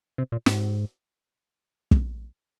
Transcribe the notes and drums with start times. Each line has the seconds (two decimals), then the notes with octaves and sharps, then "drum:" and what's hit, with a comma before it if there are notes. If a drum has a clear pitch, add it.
0.18 C3
0.32 A#2
0.46 G#2, drum: snare
1.91 drum: kick